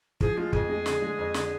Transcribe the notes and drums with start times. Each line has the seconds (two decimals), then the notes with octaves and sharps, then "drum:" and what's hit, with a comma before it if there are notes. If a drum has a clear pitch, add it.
0.21 F3 G#4, drum: kick
0.37 G#3 F4
0.53 F2 G#4, drum: kick
0.70 G#3
0.86 D3, drum: snare
1.02 G#3
1.18 F2
1.34 D3, drum: snare